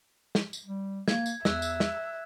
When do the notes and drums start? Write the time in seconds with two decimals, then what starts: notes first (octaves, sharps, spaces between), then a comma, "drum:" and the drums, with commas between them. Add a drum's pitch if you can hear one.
0.35 drum: snare
0.53 drum: tambourine
0.66 G3
1.08 A#3 G#6, drum: snare
1.26 drum: tambourine
1.45 E2 E5 E6 F#6, drum: snare
1.62 drum: tambourine
1.80 drum: snare